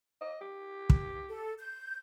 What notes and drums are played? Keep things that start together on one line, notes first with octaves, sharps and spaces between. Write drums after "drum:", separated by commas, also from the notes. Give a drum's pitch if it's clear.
D#5
G4
drum: kick
A4
G6